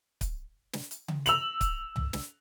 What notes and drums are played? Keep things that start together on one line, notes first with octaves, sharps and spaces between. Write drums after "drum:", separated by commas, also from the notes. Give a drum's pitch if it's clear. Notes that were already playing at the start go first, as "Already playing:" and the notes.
drum: kick C#1, hi-hat
drum: snare
drum: hi-hat
drum: tom C#3
E6 F7 F#7, drum: hi-hat
drum: kick C#1, hi-hat
drum: tom
drum: snare